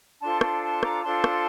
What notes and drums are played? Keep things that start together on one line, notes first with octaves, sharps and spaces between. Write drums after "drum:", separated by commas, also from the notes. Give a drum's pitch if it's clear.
D4 F4 A4 C5 A5 C6
A5 C6, drum: rim click
A5 C6
A#5 D6, drum: rim click
D4 F4 A4 C5 A5 C6
drum: rim click